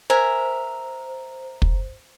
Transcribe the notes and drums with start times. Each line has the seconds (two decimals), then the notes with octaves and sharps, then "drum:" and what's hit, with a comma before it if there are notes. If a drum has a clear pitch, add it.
0.10 A#4 C5 E5 G#5
1.62 drum: kick